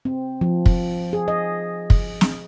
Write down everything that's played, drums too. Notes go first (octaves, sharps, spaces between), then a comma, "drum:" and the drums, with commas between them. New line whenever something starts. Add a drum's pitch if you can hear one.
C4
F3
drum: kick
G#4
D#5
drum: kick
drum: snare